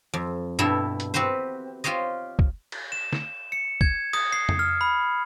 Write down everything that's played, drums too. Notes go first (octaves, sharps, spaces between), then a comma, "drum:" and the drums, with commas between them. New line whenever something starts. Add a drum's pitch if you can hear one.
F2
G2 B2 G3 E4 A4 E5
drum: hi-hat
C4 F#4 G4 B4 C5
F4 G4 C5 C#5 D#5
drum: kick
drum: cymbal
E7
drum: snare
C#7
G#6, drum: kick
D#6, drum: cymbal
C7
drum: tom F2
F6
B5